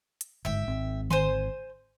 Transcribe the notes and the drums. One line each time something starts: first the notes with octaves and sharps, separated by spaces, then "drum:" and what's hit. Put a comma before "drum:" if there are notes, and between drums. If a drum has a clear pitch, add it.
drum: hi-hat
G1 G#2 E5 G5
G#1 C4
C5 G#5 C6, drum: tom D3